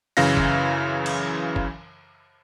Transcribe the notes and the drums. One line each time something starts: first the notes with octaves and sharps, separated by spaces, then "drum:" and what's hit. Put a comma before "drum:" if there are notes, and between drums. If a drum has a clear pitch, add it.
F#2 C#3 E3 F5 A#6, drum: open hi-hat
drum: kick
drum: cymbal
drum: kick